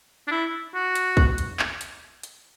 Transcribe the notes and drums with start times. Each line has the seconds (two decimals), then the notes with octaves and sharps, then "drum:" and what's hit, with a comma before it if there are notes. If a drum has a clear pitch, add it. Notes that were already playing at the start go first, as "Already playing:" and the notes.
0.28 D4
0.31 E4
0.75 F#4
0.95 drum: hi-hat
1.17 drum: kick
1.38 drum: hi-hat
1.59 drum: clap
1.81 drum: hi-hat
2.23 drum: hi-hat